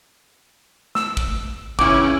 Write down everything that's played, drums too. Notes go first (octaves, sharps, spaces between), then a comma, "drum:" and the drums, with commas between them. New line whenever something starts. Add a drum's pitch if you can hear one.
E6, drum: snare
drum: kick
E2 C#3 C#4 E4 D6, drum: kick